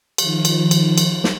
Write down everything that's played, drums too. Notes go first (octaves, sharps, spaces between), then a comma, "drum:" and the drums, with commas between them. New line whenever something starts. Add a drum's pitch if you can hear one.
D#3 F3, drum: cymbal
drum: cymbal
drum: cymbal
drum: cymbal
drum: snare